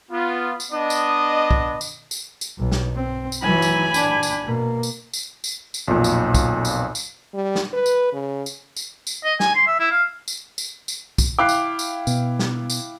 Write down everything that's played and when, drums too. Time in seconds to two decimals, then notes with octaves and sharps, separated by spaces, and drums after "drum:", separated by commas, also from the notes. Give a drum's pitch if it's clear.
0.12 B3 F4
0.60 drum: tambourine
0.71 B3 D4 D#5
0.90 drum: tambourine
1.51 drum: kick
1.81 drum: tambourine
2.11 drum: tambourine
2.41 drum: tambourine
2.58 B1
2.72 drum: snare
2.96 C4
3.32 drum: tambourine
3.43 E3 F#3 G#5 B5
3.62 drum: tambourine
3.94 D4, drum: tambourine
4.23 drum: tambourine
4.44 B2 A#3
4.83 drum: tambourine
5.14 drum: tambourine
5.44 drum: tambourine
5.74 drum: tambourine
5.88 B1 F2 A#2
6.04 drum: tambourine
6.34 drum: kick, tambourine
6.65 drum: tambourine
6.95 drum: tambourine
7.34 G3
7.55 drum: snare
7.73 B4
7.86 drum: tambourine
8.13 C#3
8.46 drum: tambourine
8.76 drum: tambourine
9.07 drum: tambourine
9.24 D#5
9.40 G#5, drum: snare
9.55 C6
9.67 E5
9.80 E4
9.92 F5
10.28 drum: tambourine
10.58 drum: tambourine
10.88 drum: tambourine
11.18 drum: kick, tambourine
11.39 E4 F5 G5 D6 F#6 C7
11.49 drum: tambourine
11.79 drum: tambourine
12.07 B2, drum: tambourine
12.39 drum: snare
12.70 drum: tambourine